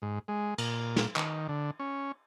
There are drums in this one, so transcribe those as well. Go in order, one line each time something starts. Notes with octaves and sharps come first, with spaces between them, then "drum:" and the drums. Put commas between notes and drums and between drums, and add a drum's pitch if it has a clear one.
G#2
G#3
A#2, drum: cymbal
drum: snare
D#3, drum: clap
D3
C#4